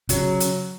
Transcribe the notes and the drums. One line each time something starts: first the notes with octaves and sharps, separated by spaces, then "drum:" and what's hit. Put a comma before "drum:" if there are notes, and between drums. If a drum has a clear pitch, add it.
C#3 F#3, drum: hi-hat
drum: hi-hat